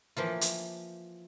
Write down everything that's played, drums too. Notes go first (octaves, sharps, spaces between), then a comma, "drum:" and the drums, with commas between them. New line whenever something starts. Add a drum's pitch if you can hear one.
E3 F3 A#3 F4
drum: hi-hat